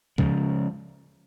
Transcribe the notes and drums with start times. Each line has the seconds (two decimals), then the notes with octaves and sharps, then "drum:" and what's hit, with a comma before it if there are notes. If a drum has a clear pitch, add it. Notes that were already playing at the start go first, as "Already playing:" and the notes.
0.18 C#3 F3 G#3, drum: kick